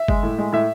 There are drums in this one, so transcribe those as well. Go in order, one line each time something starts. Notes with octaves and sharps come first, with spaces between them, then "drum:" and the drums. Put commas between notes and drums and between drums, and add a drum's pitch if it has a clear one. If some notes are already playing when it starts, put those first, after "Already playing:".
Already playing: E5
G#3, drum: kick G1
A2
G#3
A2 E5